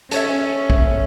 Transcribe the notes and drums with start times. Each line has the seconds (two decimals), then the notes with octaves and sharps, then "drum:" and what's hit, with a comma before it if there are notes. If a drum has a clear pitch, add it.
0.11 C#4 A4 C#5 E5, drum: hi-hat
0.70 drum: kick B1